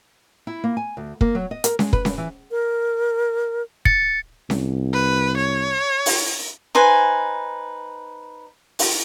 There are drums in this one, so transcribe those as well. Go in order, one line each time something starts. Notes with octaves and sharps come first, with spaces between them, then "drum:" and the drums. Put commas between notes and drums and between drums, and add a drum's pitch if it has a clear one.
E4
A#3
G#5
D2
A#3, drum: kick
F#3
D#5
A#4, drum: hi-hat
G#3, drum: snare C#4
B4, drum: kick
F#2, drum: snare C#4
E3
A#4
A6 C#7, drum: kick
C2, drum: snare C#4
B4
C#5
drum: open hi-hat
D#4 B4 C5 G#5
drum: open hi-hat